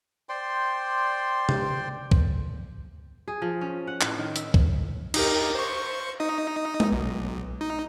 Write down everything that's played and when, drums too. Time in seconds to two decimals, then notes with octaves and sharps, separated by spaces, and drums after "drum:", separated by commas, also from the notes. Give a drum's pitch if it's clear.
0.29 C5 D5 G5 C6
1.49 drum: tom C3
2.11 drum: kick
3.28 G#4
3.42 F3
3.61 C#4
3.87 F#5
4.01 A2, drum: clap
4.18 D#3
4.36 E5, drum: hi-hat
4.54 drum: kick
5.14 D#4 G4 A#4, drum: cymbal
5.55 C5 C#6
6.20 D#4 D#5
6.80 drum: tom G#3
6.92 B1
7.61 D#4